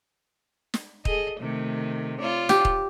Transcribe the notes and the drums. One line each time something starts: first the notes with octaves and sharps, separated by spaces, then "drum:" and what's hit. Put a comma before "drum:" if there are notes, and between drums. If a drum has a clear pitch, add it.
drum: snare
G#4 A4 D#5, drum: kick D#1
C3 D#3 A3
F4 C#5 D5
G4, drum: snare
drum: kick D#1